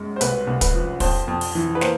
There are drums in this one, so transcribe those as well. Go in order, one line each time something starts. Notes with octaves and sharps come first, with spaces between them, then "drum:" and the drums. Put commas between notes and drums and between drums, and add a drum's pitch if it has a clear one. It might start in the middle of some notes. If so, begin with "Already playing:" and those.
Already playing: F#2 G#3
C5
C2 B4, drum: hi-hat
C2
B4, drum: kick, hi-hat
F3
F2 C5, drum: kick, open hi-hat
F2
drum: open hi-hat
E3
B4
A#3 C5, drum: snare